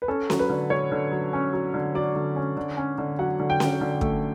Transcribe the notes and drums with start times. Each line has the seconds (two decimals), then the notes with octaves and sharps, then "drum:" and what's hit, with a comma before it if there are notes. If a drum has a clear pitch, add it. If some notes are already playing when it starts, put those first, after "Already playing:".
0.02 B4
0.08 C#4 A4
0.30 F#3, drum: snare C#4
0.39 B4
0.50 D3
0.70 D3 C#5
0.92 D3
1.12 F#3
1.33 C#4
1.53 F#3
1.74 D3
1.95 F#3 D5
2.15 D3
2.36 C#4
2.57 D3
2.77 C#4
2.98 D3
3.19 F#3 F#5
3.40 D3
3.50 G5
3.60 F#3, drum: snare C#4
3.81 D3
4.01 A3, drum: kick